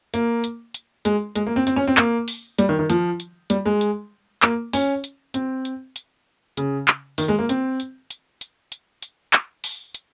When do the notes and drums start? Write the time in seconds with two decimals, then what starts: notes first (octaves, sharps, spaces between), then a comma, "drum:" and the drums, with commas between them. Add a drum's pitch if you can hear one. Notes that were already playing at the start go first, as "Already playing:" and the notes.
0.14 A#3, drum: hi-hat
0.44 drum: hi-hat
0.74 drum: hi-hat
1.05 G#3, drum: hi-hat
1.36 G#3, drum: hi-hat
1.47 A#3
1.56 C4
1.67 C4, drum: hi-hat
1.76 C#4
1.88 C4
1.97 A#3, drum: clap
2.28 drum: open hi-hat
2.59 G3, drum: hi-hat
2.69 D#3
2.79 D#3
2.90 F3, drum: hi-hat
3.20 drum: hi-hat
3.50 G3, drum: hi-hat
3.66 G#3
3.81 drum: hi-hat
4.42 A#3, drum: clap
4.73 C#4, drum: open hi-hat
5.04 drum: hi-hat
5.34 C4, drum: hi-hat
5.65 drum: hi-hat
5.96 drum: hi-hat
6.57 C#3, drum: hi-hat
6.88 drum: clap
7.18 D#3, drum: open hi-hat
7.28 G#3
7.39 A#3
7.49 C4, drum: hi-hat
7.80 drum: hi-hat
8.10 drum: hi-hat
8.41 drum: hi-hat
8.72 drum: hi-hat
9.02 drum: hi-hat
9.33 drum: clap
9.64 drum: open hi-hat
9.95 drum: hi-hat